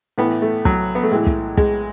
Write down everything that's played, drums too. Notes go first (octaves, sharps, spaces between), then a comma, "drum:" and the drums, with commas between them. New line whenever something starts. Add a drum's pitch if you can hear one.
A2 E3 B3
A3
F#3, drum: kick
B3
A3
A2 E3 G#3
drum: kick
G#3, drum: kick